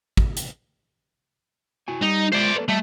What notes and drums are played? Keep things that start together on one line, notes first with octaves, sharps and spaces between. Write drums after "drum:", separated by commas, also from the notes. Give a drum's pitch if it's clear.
drum: kick
drum: hi-hat
E4 F#4 G#5
G3 D#4 G4
G#3 F4 C5 D5 E5
A#3 A4 B4
G3 A3 D5 D#5